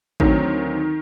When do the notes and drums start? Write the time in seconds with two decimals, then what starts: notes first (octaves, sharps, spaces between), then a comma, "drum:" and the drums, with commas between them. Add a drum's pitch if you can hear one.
0.20 D2 D3 D#3 F#3 C4, drum: kick A1